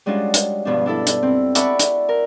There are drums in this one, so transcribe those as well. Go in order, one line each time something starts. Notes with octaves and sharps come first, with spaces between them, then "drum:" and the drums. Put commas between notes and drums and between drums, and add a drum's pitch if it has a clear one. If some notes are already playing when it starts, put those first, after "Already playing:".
G3 G#3 C#4 D4 F4 F#4
drum: hi-hat
G2 B2 F3 D4
D4 E4 A4
drum: hi-hat
C4 E4
D5 E5 F#5 A5 B5 C#6, drum: hi-hat
drum: hi-hat
A#4